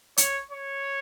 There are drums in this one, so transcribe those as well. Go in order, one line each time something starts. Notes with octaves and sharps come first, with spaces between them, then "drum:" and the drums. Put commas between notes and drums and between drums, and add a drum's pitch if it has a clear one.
C#5, drum: hi-hat
C#5